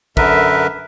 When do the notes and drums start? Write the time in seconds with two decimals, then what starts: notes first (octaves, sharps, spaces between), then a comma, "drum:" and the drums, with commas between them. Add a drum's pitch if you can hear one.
0.17 F#2 D3 A#4 B4 E5, drum: kick